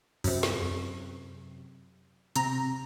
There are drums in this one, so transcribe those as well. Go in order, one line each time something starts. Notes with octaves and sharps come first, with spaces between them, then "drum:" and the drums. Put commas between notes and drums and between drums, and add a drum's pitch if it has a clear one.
F#2 C3, drum: open hi-hat
drum: snare
C3 A#5, drum: hi-hat